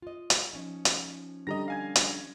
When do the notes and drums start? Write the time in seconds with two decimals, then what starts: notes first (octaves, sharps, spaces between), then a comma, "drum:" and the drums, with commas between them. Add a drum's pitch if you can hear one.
0.02 F4 D#5
0.30 drum: hi-hat
0.53 F3 C#4 D#4
0.85 drum: hi-hat
1.47 D3 G3 D#5 A#5 A#6
1.68 F5 G#5 G#6
1.96 drum: hi-hat